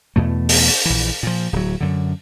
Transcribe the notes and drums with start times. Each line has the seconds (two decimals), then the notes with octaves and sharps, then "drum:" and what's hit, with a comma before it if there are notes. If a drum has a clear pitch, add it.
0.16 E2 B2 A3
0.49 drum: open hi-hat
0.85 A#1 E3
1.23 A#2 F3
1.53 D1 F#3
1.81 F#2 D3